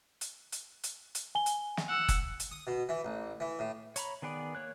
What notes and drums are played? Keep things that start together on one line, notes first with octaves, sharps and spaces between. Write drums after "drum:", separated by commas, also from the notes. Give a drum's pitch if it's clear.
drum: hi-hat
drum: hi-hat
drum: hi-hat
drum: hi-hat
G#5 G7
drum: hi-hat
drum: snare
F#5 E6
drum: kick F#1, hi-hat
drum: hi-hat
D#6
B2
E3
A1
E3
A2
C#5 A#5 B5, drum: hi-hat
D#3 B3 G#4 B4 D5
A#3 C#5 F#6